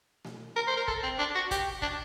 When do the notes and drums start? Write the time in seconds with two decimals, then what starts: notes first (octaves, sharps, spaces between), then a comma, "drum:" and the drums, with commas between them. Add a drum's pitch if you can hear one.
0.25 drum: snare A3
0.56 A#4
0.67 C5
0.77 A#4
0.88 A4, drum: kick
1.03 C4
1.19 D4
1.35 F#4
1.51 G4, drum: kick, hi-hat
1.82 D4, drum: kick